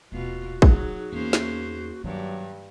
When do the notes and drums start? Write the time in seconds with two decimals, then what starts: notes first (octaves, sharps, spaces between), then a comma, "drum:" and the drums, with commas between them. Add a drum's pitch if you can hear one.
0.12 D#1 B2 A3 F4 F#4
0.62 F#3 D#4 G#4, drum: kick
1.13 E2 A#3 C#4 C5
1.33 drum: snare
2.04 G2 D#3 F#3